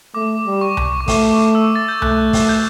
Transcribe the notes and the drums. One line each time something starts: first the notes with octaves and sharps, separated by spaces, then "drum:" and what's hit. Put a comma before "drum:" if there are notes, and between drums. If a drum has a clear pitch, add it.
A3 D6
G3
C#6
drum: tom C2
C#6
A3 D6, drum: kick, open hi-hat
E6
A6
G6
A3 F#6, drum: tom C2
drum: kick, open hi-hat
G6